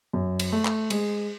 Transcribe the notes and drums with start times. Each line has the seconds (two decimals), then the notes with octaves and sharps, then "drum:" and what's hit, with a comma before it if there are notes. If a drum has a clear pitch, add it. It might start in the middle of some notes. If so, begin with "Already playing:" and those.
0.13 F#2
0.39 drum: cymbal
0.52 A3
0.65 drum: clap
0.90 G#3, drum: cymbal